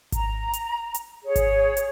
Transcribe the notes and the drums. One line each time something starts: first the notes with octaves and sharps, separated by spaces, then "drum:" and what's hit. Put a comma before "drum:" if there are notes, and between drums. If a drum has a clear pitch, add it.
A#5, drum: kick G#1, hi-hat
drum: hi-hat
drum: hi-hat
G#4 C#5
drum: kick G#1, hi-hat
drum: hi-hat